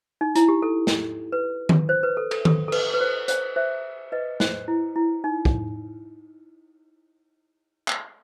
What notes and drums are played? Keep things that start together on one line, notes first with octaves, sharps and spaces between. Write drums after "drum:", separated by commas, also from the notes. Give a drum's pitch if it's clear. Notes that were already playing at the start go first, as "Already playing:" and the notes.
D#4
E4, drum: hi-hat
G4
A4
drum: snare
B4
drum: tom D#3
C5
B4
A4
A4, drum: cymbal
A4, drum: tom D#3
A4
B4, drum: cymbal
B4
C5
C5, drum: hi-hat
C5 E5
B4 D#5
C5, drum: snare
E4
E4
D#4
drum: kick
drum: clap